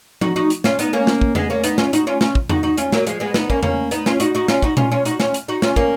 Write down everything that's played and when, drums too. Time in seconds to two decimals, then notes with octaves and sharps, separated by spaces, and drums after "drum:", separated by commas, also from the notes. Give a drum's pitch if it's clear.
0.21 D#4 F#4, drum: tom F3
0.36 D#4 F#4
0.50 drum: hi-hat
0.64 C#4 F4, drum: snare
0.79 B3 D#4, drum: hi-hat
0.93 A#3 C#4
1.07 drum: snare
1.21 drum: kick
1.35 G#3 B3, drum: tom E2
1.50 A#3 C#4
1.64 B3 D#4, drum: hi-hat
1.78 C#4 F4, drum: snare
1.93 D#4 F#4, drum: hi-hat
2.07 C#4 F4
2.21 C#4 F4, drum: snare
2.35 drum: kick
2.49 D#4 F#4, drum: tom E2
2.63 D#4 F#4
2.77 C#4 F4, drum: hi-hat
2.92 F#3 A#3, drum: snare
3.07 F3 G#3, drum: hi-hat
3.20 G#3 B3
3.34 B3 D#4, drum: snare
3.50 A#3 C#4, drum: kick
3.63 A#3 C#4, drum: tom E2
3.91 B3 D#4, drum: hi-hat
4.06 C#4 F4, drum: snare
4.20 D#4 F#4, drum: hi-hat
4.35 D#4 F#4
4.48 C#4 F4, drum: snare
4.62 D#4 F#4, drum: kick
4.77 C#4 F4, drum: tom A#2
4.91 C#4 F4
5.05 D#4 F#4, drum: hi-hat
5.20 C#4 F4, drum: snare
5.34 drum: hi-hat
5.48 D#4 F#4
5.62 C#4 F4, drum: snare
5.76 A#3 C#4, drum: kick